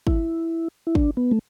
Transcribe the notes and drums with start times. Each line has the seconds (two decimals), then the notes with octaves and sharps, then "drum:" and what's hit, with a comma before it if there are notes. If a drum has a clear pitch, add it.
0.07 E4, drum: kick
0.87 E4
0.95 D4, drum: kick
1.17 B3
1.31 A3